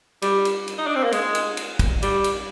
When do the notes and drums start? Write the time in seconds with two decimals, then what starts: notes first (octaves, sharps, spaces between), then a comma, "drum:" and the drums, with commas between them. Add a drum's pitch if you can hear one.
0.22 G3, drum: cymbal
0.45 drum: cymbal
0.68 drum: cymbal
0.78 D#4
0.87 D4
0.96 C4
1.04 A#3
1.12 G#3, drum: cymbal
1.35 drum: cymbal
1.57 drum: cymbal
1.79 drum: kick, cymbal
2.02 G3, drum: cymbal
2.24 drum: cymbal